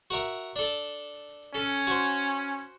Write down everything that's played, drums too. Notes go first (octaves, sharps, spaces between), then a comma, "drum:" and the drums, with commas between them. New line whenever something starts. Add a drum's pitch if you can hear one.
F#4 A#4 E5
D4 A4, drum: hi-hat
drum: hi-hat
drum: hi-hat
drum: hi-hat
drum: hi-hat
C#4 A4
drum: hi-hat
F#4 C5, drum: hi-hat
drum: hi-hat
drum: hi-hat
drum: hi-hat
drum: hi-hat